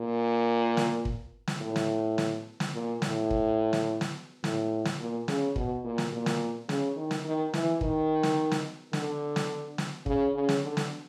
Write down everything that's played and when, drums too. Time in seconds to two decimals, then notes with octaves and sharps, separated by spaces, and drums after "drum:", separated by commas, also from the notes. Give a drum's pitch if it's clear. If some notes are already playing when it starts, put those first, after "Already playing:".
Already playing: A#2
0.77 drum: snare
1.05 drum: kick
1.47 drum: snare
1.61 A2
1.76 drum: snare
2.18 drum: snare
2.60 drum: snare
2.74 A#2
3.02 A2, drum: snare
3.31 drum: kick
3.73 drum: snare
4.01 drum: snare
4.44 A2, drum: snare
4.85 drum: snare
4.99 A#2
5.28 C#3, drum: snare
5.56 B2, drum: kick
5.84 A#2
5.98 drum: snare
6.13 A#2
6.26 drum: snare
6.69 C#3, drum: snare
6.96 D#3
7.11 drum: snare
7.25 D#3
7.54 E3, drum: snare
7.81 D#3, drum: kick
8.23 drum: snare
8.51 drum: snare
8.93 D3, drum: snare
9.36 drum: snare
9.78 drum: snare
10.06 C#3, drum: kick
10.35 C#3
10.49 drum: snare
10.63 D3
10.77 drum: snare